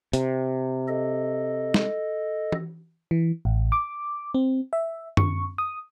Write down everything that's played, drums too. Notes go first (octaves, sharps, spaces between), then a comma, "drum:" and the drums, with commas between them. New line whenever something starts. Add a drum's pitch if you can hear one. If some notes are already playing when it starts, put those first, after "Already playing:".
C3, drum: hi-hat
A4 D#5
drum: snare G#3
drum: tom E3
E3
A1
D6
C4
E5
C#6, drum: tom F#2
D#6